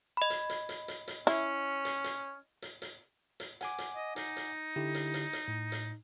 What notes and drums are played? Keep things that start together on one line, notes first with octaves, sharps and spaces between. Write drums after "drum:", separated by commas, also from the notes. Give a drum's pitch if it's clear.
D#5 B5
drum: hi-hat
drum: hi-hat
drum: hi-hat
drum: hi-hat
drum: hi-hat
C#4 E4, drum: hi-hat
drum: hi-hat
drum: hi-hat
drum: hi-hat
drum: hi-hat
drum: hi-hat
F#5 G#5 D6, drum: hi-hat
drum: hi-hat
D#5
D#4, drum: hi-hat
drum: hi-hat
D3 E4 G4
drum: hi-hat
drum: hi-hat
drum: hi-hat
A2
drum: hi-hat